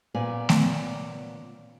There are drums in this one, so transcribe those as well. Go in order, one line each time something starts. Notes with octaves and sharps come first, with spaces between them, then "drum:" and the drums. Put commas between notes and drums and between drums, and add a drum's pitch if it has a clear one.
A#2 B3 C#4 D5 G#5
drum: snare A3